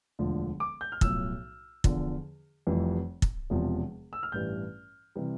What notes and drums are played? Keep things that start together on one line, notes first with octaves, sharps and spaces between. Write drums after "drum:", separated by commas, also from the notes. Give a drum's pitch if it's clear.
E1 D2 D3 F3
D6
G6
F6
B1 A2 F3 E6, drum: kick
E2 D3 F3, drum: kick
F1 F2 E3 G3
drum: kick
E1 E2 C3 F3
E6
F6
A1 G2 E3 G3 G6
C3 E3 G3